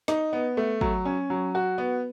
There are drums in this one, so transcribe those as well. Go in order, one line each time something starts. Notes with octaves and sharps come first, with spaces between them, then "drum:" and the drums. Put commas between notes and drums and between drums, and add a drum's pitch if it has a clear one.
D#4, drum: snare
B3
A3
F#3, drum: kick
C#4
F#3
F#4
B3